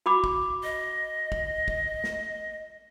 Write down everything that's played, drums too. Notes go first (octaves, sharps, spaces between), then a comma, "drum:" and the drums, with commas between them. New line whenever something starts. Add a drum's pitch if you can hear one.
F#4 B5 D6
drum: kick
D#5
drum: kick
drum: kick
drum: snare